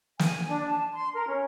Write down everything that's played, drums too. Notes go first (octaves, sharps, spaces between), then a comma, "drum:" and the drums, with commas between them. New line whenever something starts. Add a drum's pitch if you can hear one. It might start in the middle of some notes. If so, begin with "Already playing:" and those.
G#5, drum: snare
D4
A5
C6
A#4
C#4